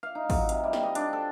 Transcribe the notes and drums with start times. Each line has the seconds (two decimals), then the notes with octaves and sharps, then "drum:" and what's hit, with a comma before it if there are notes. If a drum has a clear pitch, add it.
0.03 F5
0.15 D#4
0.30 F#3, drum: kick, open hi-hat
0.49 C3, drum: hi-hat
0.64 G3
0.73 drum: snare
0.83 D#5
0.95 D4, drum: hi-hat
1.13 A4